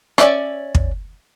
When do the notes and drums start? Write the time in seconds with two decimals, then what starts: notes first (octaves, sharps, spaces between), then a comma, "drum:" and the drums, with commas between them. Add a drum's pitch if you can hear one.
0.18 C#4 D5 E5 A5, drum: rim click
0.75 drum: kick